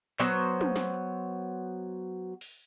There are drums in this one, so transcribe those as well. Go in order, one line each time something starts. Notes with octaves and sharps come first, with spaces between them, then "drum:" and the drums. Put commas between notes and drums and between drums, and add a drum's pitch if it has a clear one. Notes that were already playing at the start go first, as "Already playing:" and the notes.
F#3 B3 C5, drum: clap
drum: tom
drum: snare
drum: open hi-hat